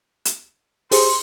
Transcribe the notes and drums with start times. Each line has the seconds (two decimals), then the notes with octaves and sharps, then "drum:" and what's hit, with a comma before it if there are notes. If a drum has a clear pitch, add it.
0.25 drum: hi-hat
0.91 G4 G#4 C5 C6, drum: open hi-hat